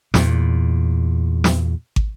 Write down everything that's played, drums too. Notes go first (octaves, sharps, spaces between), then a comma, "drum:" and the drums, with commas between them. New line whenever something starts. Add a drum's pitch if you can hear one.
E2 A#2, drum: snare
drum: snare
drum: kick